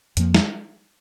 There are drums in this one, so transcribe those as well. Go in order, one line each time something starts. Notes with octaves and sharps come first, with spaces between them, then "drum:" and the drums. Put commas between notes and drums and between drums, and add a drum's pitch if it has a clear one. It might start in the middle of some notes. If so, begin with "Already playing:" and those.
F2 F3 A#3, drum: hi-hat
drum: snare